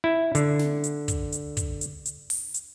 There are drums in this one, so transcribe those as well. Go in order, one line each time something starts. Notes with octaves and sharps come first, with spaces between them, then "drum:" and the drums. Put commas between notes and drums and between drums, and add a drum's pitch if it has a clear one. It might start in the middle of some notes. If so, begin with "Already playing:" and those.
E4
D3, drum: hi-hat
drum: snare
drum: hi-hat
drum: kick, hi-hat
drum: hi-hat
drum: kick, hi-hat
drum: hi-hat
drum: hi-hat
drum: open hi-hat
drum: hi-hat